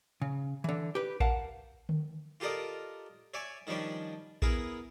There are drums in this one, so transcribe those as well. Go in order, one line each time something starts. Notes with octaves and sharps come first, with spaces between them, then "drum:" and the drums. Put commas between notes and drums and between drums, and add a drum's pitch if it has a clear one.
C#3
D3 E3
G4 B4
A#4 F5 F#5 A5, drum: kick A1
drum: tom D3
F4 G4 A4 A#4 D5 D#5
C#5 D5 E5 G#5
D#3 F3 G3 C#4 D4
B3 E4 G#4 A#4 B4, drum: kick A1